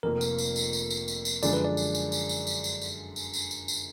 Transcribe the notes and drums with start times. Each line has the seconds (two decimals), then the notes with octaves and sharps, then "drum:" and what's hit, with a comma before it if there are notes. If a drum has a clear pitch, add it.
0.03 F1 F2 F3 A#3 A#4
0.21 drum: tambourine
0.38 drum: tambourine
0.56 drum: tambourine
0.73 drum: tambourine
0.90 drum: tambourine
1.08 drum: tambourine
1.25 drum: tambourine
1.43 F#2 D3 F3 G#3 D4 D5, drum: tambourine
1.53 B4
1.65 D5
1.77 drum: tambourine
1.95 drum: tambourine
2.12 drum: tambourine
2.29 drum: tambourine
2.47 drum: tambourine
2.64 drum: tambourine
2.81 drum: tambourine
3.16 drum: tambourine
3.33 drum: tambourine
3.51 drum: tambourine
3.68 drum: tambourine